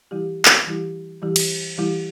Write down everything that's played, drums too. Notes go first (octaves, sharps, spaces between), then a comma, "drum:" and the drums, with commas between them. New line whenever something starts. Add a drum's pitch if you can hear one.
E3 G3 E4 G4
drum: clap
E3 G3 E4 G4
E3 G3 E4 G4
drum: cymbal
E3 G3 E4 G4